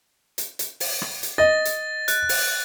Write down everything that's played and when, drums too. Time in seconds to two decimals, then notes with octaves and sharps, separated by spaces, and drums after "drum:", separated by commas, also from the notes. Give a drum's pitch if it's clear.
0.38 drum: hi-hat
0.59 drum: hi-hat
0.80 drum: open hi-hat
1.02 drum: rim click
1.23 drum: hi-hat
1.38 D#5 A6
1.65 drum: hi-hat
2.08 F#6, drum: hi-hat
2.29 drum: open hi-hat